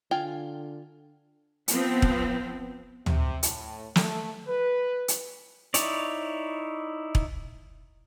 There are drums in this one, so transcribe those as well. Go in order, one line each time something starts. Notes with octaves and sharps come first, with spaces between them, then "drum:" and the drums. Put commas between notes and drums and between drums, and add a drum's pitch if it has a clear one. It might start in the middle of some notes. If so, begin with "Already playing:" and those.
D3 F4 G5 G#5
F3 B3 C4, drum: hi-hat
drum: kick E1
C3, drum: tom
A2, drum: hi-hat
A3, drum: snare
B4
drum: hi-hat
D#4 E4 C#5 D5, drum: hi-hat
drum: kick E1